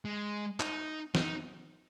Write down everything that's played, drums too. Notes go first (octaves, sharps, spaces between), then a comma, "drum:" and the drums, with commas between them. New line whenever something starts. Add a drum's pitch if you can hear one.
G#3
D#4, drum: clap
D#4, drum: snare